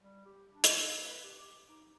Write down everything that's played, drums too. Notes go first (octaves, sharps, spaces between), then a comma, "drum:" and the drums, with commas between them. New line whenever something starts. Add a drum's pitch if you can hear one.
G3
G4
D4
drum: hi-hat
D#5
B4
G4
D6
D#4